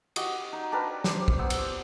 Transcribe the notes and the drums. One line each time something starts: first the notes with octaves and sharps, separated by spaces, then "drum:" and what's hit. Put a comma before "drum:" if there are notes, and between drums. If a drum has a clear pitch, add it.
F#4 G4 D#5, drum: cymbal
D#4
D4 A#4 B4 G5
G4 C5 D5, drum: snare
drum: kick
B3 C5 E6
drum: cymbal